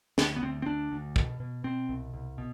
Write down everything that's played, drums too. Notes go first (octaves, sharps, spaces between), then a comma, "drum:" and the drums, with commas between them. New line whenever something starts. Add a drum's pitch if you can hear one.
D2 D4, drum: snare
B3
D2 C4
C4
D2 D4
D2
B2, drum: kick
B2
B2 C4
C2
C2
B2